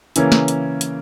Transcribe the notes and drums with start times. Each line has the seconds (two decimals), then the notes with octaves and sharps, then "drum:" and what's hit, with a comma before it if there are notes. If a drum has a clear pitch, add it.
0.16 C#3 E3 A#3 C#4, drum: hi-hat
0.32 drum: snare
0.48 drum: hi-hat
0.81 drum: hi-hat